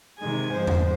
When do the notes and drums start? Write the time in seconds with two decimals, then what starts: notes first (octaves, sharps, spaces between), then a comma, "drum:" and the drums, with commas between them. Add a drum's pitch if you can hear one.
0.19 C3 D#3 G#3 G#5
0.53 G#2 F3 G#3 C5
0.67 drum: tom E2